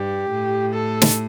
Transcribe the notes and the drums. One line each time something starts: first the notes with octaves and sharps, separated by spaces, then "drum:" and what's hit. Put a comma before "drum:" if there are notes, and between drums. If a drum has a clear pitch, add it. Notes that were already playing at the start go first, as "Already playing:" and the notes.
Already playing: G2 G4
A2
A4
drum: snare